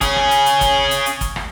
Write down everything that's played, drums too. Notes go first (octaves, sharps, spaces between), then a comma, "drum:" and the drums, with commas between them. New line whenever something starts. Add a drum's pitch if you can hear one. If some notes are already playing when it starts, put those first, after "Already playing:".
C#4 G#4, drum: kick G#1, hi-hat
drum: rim click
drum: hi-hat
drum: hi-hat
drum: kick G#1, hi-hat
drum: hi-hat
drum: hi-hat
drum: kick G#1, hi-hat
drum: rim click